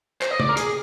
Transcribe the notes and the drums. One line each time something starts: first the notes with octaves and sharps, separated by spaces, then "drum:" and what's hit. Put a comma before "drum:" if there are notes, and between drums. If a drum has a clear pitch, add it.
C5, drum: clap
D#5
D5, drum: tom
A#4
G#4, drum: hi-hat